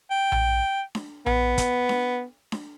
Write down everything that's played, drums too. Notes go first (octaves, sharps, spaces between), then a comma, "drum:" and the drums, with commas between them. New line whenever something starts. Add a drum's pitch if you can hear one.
G5
drum: tom A#1
drum: snare D4
B3, drum: tom A#1
drum: kick, hi-hat
drum: snare D4
drum: snare D4